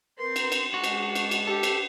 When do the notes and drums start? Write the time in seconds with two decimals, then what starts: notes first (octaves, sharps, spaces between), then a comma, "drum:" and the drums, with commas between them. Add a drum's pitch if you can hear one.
0.19 C4 A#4 B4 C6
0.36 drum: cymbal
0.52 drum: cymbal
0.74 G#3 D4 F#4
0.84 drum: cymbal
1.15 drum: cymbal
1.31 drum: cymbal
1.47 G4 A4
1.63 drum: cymbal